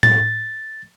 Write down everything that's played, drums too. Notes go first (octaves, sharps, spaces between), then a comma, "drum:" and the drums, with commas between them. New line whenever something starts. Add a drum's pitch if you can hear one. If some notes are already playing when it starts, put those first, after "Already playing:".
A6, drum: tom A2